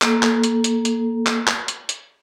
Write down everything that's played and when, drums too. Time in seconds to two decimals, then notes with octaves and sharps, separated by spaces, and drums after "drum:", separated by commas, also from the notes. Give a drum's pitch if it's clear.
0.02 A#3 A4, drum: clap
0.23 drum: clap
0.44 drum: hi-hat
0.64 drum: hi-hat
0.85 drum: hi-hat
1.27 drum: clap
1.47 drum: clap
1.68 drum: hi-hat
1.89 drum: hi-hat